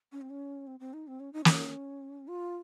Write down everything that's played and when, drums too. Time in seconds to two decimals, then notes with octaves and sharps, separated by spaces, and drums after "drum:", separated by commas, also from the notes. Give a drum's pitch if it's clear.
0.12 C#4
0.21 C4
0.30 C#4
0.67 C4
0.80 C4
0.93 D#4
1.07 C4
1.20 C#4
1.33 D#4
1.45 C#4, drum: snare
2.28 F4